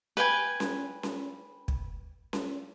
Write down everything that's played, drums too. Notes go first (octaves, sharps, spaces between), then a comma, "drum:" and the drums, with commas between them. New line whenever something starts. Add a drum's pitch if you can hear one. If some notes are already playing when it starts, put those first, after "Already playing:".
B4 G5 G#5
drum: snare C#4
drum: snare C#4
drum: kick
drum: snare C#4